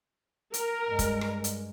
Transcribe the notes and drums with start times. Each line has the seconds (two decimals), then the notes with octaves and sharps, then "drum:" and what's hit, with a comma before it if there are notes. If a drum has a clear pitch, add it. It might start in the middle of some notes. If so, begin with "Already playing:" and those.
0.54 A#4, drum: hi-hat
0.90 G2 G#3
0.99 drum: kick F1, hi-hat
1.21 drum: rim click
1.44 drum: hi-hat